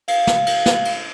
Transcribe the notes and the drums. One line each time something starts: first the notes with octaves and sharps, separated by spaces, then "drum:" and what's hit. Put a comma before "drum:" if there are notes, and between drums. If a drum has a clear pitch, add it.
F5, drum: cymbal
drum: snare
drum: cymbal
drum: snare
drum: cymbal